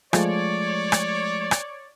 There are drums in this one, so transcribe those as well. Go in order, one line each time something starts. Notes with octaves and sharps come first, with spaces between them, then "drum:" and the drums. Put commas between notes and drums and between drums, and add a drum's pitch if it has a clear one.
F3 G#3 A3 C#5 D5, drum: rim click
drum: rim click
drum: rim click